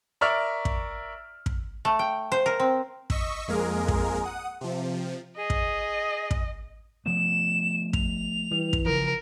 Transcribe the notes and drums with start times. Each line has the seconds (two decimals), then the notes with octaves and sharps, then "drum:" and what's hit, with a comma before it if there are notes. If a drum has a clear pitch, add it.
0.21 A#4 D5 E5 C#6 F6
0.65 drum: kick
1.46 drum: kick
1.85 A3
1.99 G5
2.32 C5
2.46 A#4
2.60 C4
3.10 D#5 C#6 E6 B6, drum: kick
3.48 F2 G#3 A#3 G#4 A#4
3.88 drum: kick
4.23 F#5 D#6
4.61 C3 F3
5.38 G#4 D#5
5.50 drum: kick
6.31 drum: kick
7.06 F3 A3 B3 E7
7.93 F7, drum: kick
8.51 E3 G3
8.73 drum: kick
8.86 C#3 F3 A#4